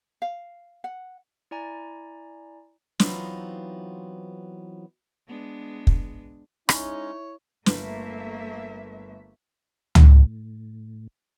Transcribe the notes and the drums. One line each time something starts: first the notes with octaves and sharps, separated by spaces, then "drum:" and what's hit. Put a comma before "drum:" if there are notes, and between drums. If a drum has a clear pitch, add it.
F5
F#5
E4 D5 G#5 A#5
E3 F#3 B3 C4 D#4 F4, drum: snare
G#3 B3 D4
drum: kick
G#3 C#4 D#4 E4 C#5, drum: rim click
G1 A3 A#3 E5, drum: snare
A2, drum: tom C#2